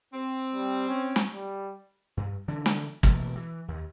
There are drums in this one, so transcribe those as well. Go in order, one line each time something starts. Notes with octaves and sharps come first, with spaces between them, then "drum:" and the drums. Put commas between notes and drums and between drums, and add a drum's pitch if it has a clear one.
C4
G3
C#4
drum: snare
G3
G2
D3 E3 D4
drum: snare
B2 E3 A3 A#3, drum: kick G#1
E3
D#2